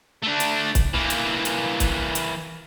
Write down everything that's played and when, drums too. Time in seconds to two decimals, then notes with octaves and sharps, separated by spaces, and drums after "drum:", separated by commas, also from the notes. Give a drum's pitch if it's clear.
0.22 A3 D4
0.40 drum: hi-hat
0.75 drum: kick, hi-hat
0.94 E3 A#3
1.10 drum: hi-hat
1.45 drum: hi-hat
1.80 drum: kick, hi-hat
2.15 drum: hi-hat